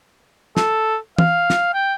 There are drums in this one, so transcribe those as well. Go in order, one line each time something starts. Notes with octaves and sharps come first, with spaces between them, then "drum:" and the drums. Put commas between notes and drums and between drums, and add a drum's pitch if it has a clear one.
A4, drum: snare
F5, drum: tom
drum: snare
G5